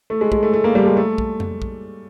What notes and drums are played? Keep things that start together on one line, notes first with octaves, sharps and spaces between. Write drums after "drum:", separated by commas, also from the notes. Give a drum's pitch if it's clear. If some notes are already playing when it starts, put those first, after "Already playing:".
A3
G#3
G#3, drum: kick
A3
A3
A#3
G3
G#3
A3
drum: kick
drum: tom F2
drum: kick